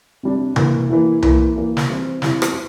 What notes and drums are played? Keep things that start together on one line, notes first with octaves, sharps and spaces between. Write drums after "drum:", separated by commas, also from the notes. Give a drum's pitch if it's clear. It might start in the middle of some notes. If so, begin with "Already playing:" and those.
C3 G3 D4
E3 A#3 E4, drum: tom C3
E3 A#3 E4
E3 A#3 E4, drum: tom C2
E3 A#3 E4
drum: snare
E3 G3 C4 E4
E3 G3 C4 E4, drum: snare
drum: rim click